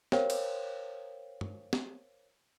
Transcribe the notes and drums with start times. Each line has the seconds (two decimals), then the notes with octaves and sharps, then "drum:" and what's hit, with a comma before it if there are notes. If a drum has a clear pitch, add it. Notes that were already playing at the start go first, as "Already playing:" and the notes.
0.12 A#4 C5 C#5 F5 G5, drum: snare
0.30 drum: cymbal
1.41 drum: tom G2
1.73 drum: snare